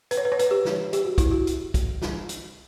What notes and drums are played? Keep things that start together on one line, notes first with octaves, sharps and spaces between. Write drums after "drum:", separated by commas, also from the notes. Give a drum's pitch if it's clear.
B4, drum: hi-hat
C#5
B4
C#5
B4, drum: hi-hat
G4
drum: snare
G4, drum: hi-hat
F#4
E4, drum: kick, hi-hat
F#4
drum: hi-hat
drum: kick, hi-hat
drum: snare
drum: hi-hat